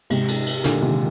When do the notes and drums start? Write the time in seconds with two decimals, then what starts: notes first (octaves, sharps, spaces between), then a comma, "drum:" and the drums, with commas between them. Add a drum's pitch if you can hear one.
0.10 G#2 C3, drum: cymbal
0.28 drum: cymbal
0.46 drum: cymbal
0.64 A#2 D3, drum: snare
0.82 C3 D#3